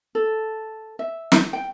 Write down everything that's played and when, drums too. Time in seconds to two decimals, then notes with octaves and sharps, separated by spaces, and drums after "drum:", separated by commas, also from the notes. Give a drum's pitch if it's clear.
0.15 A4
0.99 E5
1.32 drum: snare
1.53 G5